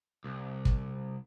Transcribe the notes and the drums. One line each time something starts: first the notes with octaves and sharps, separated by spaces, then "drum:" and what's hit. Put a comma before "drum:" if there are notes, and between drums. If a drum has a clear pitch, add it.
C2
drum: kick